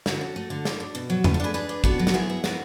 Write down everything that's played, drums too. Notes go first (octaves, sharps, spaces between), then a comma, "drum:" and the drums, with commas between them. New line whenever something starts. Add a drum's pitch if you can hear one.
D3 F#4 A4, drum: snare
C#4
A3
D3
D4, drum: snare
D4
B2
F#3
A3 B4, drum: tom E2
A4
D4 G#4 B4
D4 G#4 B4
D4
B3 F#4 A4, drum: kick
F#3
F#4, drum: snare
B3 E4 G#4
B3
B3 F#4, drum: snare